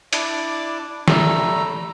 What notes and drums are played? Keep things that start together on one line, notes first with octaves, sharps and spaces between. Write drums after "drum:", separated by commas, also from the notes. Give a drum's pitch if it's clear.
D4 E4 D5 D6, drum: hi-hat
G3 A3 A#5 E6, drum: snare